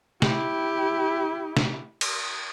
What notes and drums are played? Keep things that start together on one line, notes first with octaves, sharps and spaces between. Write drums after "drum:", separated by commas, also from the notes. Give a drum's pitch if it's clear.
E4 G4, drum: snare
drum: snare
drum: cymbal